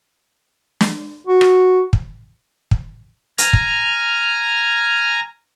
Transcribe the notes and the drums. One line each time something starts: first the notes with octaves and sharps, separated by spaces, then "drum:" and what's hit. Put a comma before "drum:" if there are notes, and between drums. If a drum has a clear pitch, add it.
drum: snare
F#4
drum: rim click
drum: kick
drum: kick
G#5 A#5 F6, drum: hi-hat
drum: kick